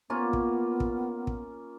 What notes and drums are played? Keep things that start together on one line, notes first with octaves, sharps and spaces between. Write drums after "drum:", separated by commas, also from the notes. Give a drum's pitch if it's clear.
A#3 B3 C#4 F4
drum: kick
drum: kick
drum: kick